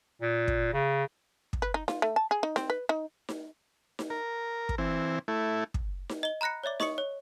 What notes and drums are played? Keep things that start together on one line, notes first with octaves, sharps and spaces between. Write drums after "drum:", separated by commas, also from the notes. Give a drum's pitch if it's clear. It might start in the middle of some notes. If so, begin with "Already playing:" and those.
A#2
drum: kick
C#3
drum: kick
B4
D#4
F4, drum: snare D#4
A3
A5
G#4
D#4
C4, drum: snare D#4
B4
D#4
drum: snare D#4
drum: snare D#4
A#4
drum: kick
E3 C4
A3 E4
drum: kick
drum: snare D#4
D#5 G7
A#5 B5 F#6 A#6 C#7
C#5 D5 E5 D6
D#5 C#6 D#6 C#7, drum: snare D#4
C#5